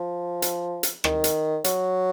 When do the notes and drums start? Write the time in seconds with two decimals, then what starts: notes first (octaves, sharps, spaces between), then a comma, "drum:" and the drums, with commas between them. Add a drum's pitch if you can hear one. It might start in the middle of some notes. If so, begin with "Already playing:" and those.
Already playing: F3
0.42 drum: hi-hat
0.83 drum: hi-hat
1.04 D#3, drum: rim click
1.24 drum: hi-hat
1.64 F#3, drum: hi-hat